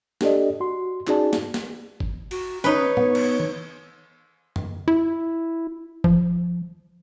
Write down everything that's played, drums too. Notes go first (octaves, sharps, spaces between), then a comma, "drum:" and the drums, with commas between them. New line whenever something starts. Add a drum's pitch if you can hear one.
D4 G4 A4 D5 D#5, drum: snare
F#4 C6
C#4 D#4 F#4 G#4 D5 A5, drum: clap
drum: snare
drum: snare
drum: kick
F#4, drum: cymbal
C#4 D#4 B4 C#5
B3, drum: tom
drum: cymbal
drum: tom
drum: tom F#2
E4
F3, drum: kick